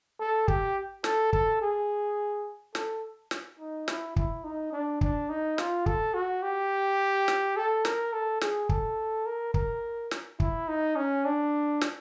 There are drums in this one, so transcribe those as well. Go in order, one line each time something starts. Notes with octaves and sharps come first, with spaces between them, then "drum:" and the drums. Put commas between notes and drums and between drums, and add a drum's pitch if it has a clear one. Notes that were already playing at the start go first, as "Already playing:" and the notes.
A4
G4, drum: kick
A4, drum: snare
A4, drum: kick
G#4
A4, drum: snare
drum: snare
D#4
E4, drum: snare
E4, drum: kick
D#4
D4
D4, drum: kick
D#4
F4, drum: snare
A4, drum: kick
F#4
G4
drum: snare
A4
A#4, drum: snare
A4
G#4, drum: snare
A4, drum: kick
A#4
A#4, drum: kick
drum: snare
E4, drum: kick
D#4
C#4
D4
drum: snare